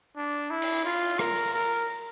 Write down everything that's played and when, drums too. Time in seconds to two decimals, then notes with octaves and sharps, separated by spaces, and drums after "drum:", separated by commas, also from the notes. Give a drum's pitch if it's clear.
0.16 D4
0.50 E4
0.62 drum: cymbal
0.85 F4
1.19 A#4, drum: rim click
1.36 drum: open hi-hat
1.54 A#4